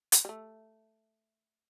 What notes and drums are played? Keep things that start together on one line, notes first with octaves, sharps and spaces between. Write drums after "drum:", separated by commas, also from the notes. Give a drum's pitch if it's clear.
drum: hi-hat
G3
A3